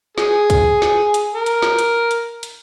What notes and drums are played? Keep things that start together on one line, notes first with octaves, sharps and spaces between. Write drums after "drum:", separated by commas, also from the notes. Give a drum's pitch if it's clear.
G#4, drum: snare
drum: kick C2, hi-hat
drum: snare
drum: hi-hat
A#4
drum: hi-hat
drum: snare
drum: hi-hat
drum: hi-hat
drum: hi-hat